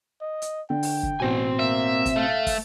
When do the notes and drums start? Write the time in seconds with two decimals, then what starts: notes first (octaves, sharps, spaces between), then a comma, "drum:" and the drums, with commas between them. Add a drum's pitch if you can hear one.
0.21 D#5
0.42 drum: hi-hat
0.70 D3 G5
0.83 drum: open hi-hat
1.03 drum: kick
1.20 A1 B2 C4 C5 G#5
1.59 A#3 E5
2.06 drum: kick, hi-hat
2.16 A3 F5
2.47 drum: kick, open hi-hat